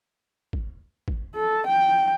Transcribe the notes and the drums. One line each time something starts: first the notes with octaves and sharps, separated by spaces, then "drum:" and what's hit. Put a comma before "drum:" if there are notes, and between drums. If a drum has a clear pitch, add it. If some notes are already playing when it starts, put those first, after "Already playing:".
drum: kick
drum: kick
A4
G5